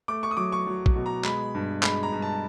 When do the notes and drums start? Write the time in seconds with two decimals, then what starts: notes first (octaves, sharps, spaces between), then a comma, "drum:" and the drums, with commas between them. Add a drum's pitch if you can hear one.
0.08 A3 D6
0.23 C#6
0.31 D#6
0.37 F#3 D6
0.52 C#6
0.67 F#3
0.86 drum: kick
0.95 B2
1.06 A#5
1.24 G#3 B5, drum: clap
1.55 G2
1.83 G#3 B5, drum: clap
2.03 A#5
2.12 G2
2.22 A5